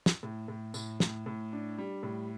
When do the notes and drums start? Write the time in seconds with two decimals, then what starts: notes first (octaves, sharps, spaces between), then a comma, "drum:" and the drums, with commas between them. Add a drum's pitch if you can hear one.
0.06 drum: snare
0.23 A2
0.48 A2
0.74 A2, drum: tambourine
1.00 A2, drum: snare
1.26 A2
1.53 D4
1.78 G3
2.03 A2